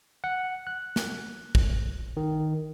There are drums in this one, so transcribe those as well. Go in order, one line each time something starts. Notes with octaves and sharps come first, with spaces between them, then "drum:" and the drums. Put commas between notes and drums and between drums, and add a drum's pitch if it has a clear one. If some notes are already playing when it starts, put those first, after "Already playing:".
F#5
F#6
drum: snare
drum: kick
D#3